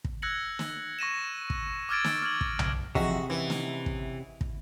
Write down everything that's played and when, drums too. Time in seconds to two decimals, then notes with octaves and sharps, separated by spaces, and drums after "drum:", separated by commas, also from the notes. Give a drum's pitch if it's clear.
0.04 drum: kick
0.22 E6 F#6 G#6 A#6 C#7 F#7
0.59 drum: snare
0.99 C#6 A#6 D#7 E7
1.50 drum: kick
1.89 D6 E6 F6 G#6 A6 D7
2.04 drum: snare
2.22 F6 G#6 F#7
2.41 drum: kick
2.59 drum: tom B1
2.95 C3 E3 F3 D#4 F#4 G#4 D#5 E5, drum: kick
3.30 E3 C#4 B4
3.50 drum: snare
3.86 drum: kick
4.41 drum: kick